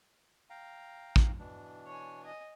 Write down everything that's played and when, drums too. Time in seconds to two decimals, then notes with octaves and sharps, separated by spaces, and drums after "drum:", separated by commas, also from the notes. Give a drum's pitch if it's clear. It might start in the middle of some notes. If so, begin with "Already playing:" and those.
0.50 F5 G5 A#5
1.16 drum: kick
1.39 B2 E3 D4
1.86 C#5 G#5
2.23 D#5 G#5